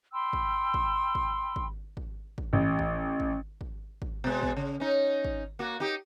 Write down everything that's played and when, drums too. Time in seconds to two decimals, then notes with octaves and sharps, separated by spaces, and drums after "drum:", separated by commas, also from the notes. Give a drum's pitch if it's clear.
0.13 G5 B5 C6 E6
0.33 drum: kick
0.74 drum: kick
1.15 drum: kick
1.56 drum: kick
1.97 drum: kick
2.38 drum: kick
2.53 A1
2.79 drum: kick
3.20 drum: kick
3.61 drum: kick
4.02 drum: kick
4.24 B2 G#3
4.43 drum: kick
4.57 C#3
4.80 C#4 D#4
5.25 drum: kick
5.59 A#3 F#4
5.80 D#4 G4